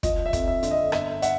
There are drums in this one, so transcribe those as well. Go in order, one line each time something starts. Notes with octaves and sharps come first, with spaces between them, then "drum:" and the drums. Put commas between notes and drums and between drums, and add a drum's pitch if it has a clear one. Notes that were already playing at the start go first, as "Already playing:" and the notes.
F3 D#5, drum: kick, hi-hat
E5
F2, drum: kick, hi-hat
E5
D3, drum: hi-hat
D#5
G1 E5, drum: rim click
E5 F#5, drum: hi-hat